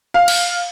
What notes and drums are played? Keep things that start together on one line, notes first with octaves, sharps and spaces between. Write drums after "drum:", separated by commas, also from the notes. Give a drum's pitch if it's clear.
F5
drum: cymbal